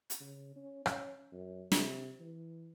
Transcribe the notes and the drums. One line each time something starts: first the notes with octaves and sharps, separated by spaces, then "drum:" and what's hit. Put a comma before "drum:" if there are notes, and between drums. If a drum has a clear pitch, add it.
drum: hi-hat
C#3
C#4
C#4, drum: rim click
F#2
C3, drum: snare
E3